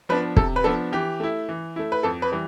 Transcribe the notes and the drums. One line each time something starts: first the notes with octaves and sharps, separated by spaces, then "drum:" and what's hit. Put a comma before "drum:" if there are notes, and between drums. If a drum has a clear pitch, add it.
F3 B3 D4 B4
C3 A4, drum: kick
B4
F3 B3 D4 A4
E3 G4
A3 E4
E3
A3 E4
B4
F2 A4
B4
E3 G3